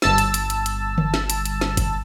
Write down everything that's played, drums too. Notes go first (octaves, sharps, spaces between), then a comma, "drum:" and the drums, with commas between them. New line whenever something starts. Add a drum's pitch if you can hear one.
G1 A5 E6, drum: snare
drum: hi-hat
drum: hi-hat
drum: hi-hat
drum: hi-hat
drum: tom D3
drum: snare
drum: hi-hat
drum: hi-hat
drum: snare
drum: kick G1, hi-hat